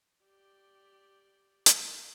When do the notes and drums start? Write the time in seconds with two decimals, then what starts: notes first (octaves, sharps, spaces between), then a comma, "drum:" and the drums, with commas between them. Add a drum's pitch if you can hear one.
0.24 G4 D5
1.66 drum: hi-hat